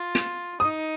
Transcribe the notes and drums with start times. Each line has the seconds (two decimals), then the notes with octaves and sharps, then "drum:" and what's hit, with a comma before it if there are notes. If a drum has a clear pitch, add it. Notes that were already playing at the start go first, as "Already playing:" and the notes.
Already playing: F4
0.15 drum: hi-hat
0.60 D#4 D#6